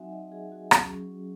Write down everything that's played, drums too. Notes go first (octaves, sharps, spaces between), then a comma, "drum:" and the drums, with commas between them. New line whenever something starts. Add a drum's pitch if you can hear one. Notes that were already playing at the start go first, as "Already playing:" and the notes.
Already playing: F#3 C4 D#4 F#4 E5 F#5 G#5
D#5
G#4
F#4
F#3 C#4 F#4 G#4, drum: rim click